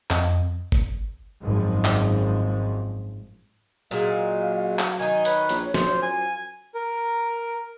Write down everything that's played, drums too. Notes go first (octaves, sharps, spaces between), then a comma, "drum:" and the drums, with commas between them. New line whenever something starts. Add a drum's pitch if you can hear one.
F2, drum: clap
drum: kick G1
G#1 F#2 F3 G#3
drum: clap
A#2 F#3 G#3 F5
drum: clap
D#3 D#4 G#5
B4 C#5, drum: hi-hat
A#1, drum: hi-hat
F#2 F3 C5, drum: snare
G#5
A#4